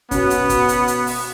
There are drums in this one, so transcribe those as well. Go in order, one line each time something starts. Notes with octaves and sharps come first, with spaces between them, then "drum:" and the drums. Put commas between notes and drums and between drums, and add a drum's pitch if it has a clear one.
B2 B3 C#4, drum: kick, hi-hat
drum: hi-hat
drum: kick, hi-hat
drum: hi-hat
drum: hi-hat
drum: open hi-hat